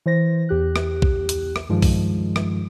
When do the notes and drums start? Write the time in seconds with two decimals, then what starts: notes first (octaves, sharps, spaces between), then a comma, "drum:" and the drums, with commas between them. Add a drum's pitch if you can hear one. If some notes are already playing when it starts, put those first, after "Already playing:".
0.06 E3 C5 A#6
0.49 E2 G4 F#6
0.76 drum: rim click
1.02 drum: kick A#1
1.29 drum: hi-hat
1.56 drum: rim click
1.69 G2 D#3 F3 G#3
1.82 drum: kick A#1, open hi-hat
2.36 drum: rim click